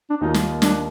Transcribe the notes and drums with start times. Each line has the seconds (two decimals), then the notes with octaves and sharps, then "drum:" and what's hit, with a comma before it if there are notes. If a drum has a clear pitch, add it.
0.10 D4
0.21 D#2 D#3 A#3 D#4 F4
0.34 drum: snare
0.62 D4, drum: snare